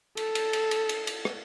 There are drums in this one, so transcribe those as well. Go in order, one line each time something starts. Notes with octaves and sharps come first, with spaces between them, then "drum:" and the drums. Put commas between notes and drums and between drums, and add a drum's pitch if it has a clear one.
A4, drum: cymbal
drum: cymbal
drum: cymbal
drum: cymbal
drum: cymbal
drum: cymbal
drum: rim click